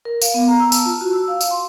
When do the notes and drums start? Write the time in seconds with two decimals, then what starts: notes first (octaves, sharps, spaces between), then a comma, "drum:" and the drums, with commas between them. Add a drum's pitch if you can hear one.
0.05 A#4
0.22 F5, drum: tambourine
0.34 B3
0.48 A#5
0.60 E6
0.72 A5, drum: tambourine
0.86 F4
1.01 F#4
1.13 E6
1.28 F5
1.41 drum: tambourine
1.51 C6